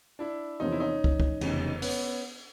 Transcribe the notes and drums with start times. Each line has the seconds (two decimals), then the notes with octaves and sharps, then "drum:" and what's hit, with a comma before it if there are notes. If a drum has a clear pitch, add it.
0.19 D4 E4
0.60 E2 C3 F3 A#3 C#4 D#4
0.72 E4
0.80 C#4 D#4
1.04 drum: kick
1.20 drum: kick
1.41 F1 E2 C#3, drum: cymbal
1.82 B3 C#4, drum: open hi-hat